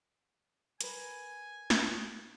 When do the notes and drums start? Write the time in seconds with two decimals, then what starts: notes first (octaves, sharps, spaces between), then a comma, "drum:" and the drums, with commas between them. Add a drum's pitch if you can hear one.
0.81 A#4 B4 G#5, drum: hi-hat
1.70 drum: snare